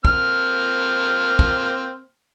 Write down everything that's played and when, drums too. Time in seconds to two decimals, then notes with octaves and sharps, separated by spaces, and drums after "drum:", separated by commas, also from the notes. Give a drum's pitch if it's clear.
0.05 A#3 C4 F6, drum: kick
1.39 drum: kick